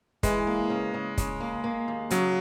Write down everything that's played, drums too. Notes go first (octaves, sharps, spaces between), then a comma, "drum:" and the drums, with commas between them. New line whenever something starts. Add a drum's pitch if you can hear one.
E3 G#3, drum: kick, hi-hat
A#3
C#3
C#3
C#3, drum: kick, hi-hat
A#3
A#3
D#2
C#3 F#3, drum: hi-hat